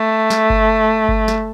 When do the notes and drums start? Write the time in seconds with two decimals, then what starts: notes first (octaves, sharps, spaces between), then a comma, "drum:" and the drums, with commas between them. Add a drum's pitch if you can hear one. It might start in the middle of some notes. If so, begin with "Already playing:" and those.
Already playing: A3
0.30 drum: snare
0.50 drum: kick G1
1.09 drum: kick G1
1.28 drum: snare